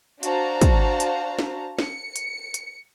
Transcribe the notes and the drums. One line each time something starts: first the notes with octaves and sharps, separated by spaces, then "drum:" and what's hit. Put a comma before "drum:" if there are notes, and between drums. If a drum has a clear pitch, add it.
D4 F#4 C5 F5 A5 A#5, drum: hi-hat
drum: kick, hi-hat
drum: hi-hat
drum: snare
C#7, drum: snare
drum: hi-hat
drum: hi-hat